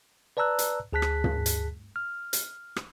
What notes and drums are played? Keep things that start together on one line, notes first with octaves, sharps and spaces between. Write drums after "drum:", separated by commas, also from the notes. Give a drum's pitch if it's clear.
B4 D5 A5 A#5 E6 F#6
drum: hi-hat
D2 G#4 A5 F#6 B6
drum: rim click
drum: tom
drum: hi-hat
F6
drum: hi-hat
drum: rim click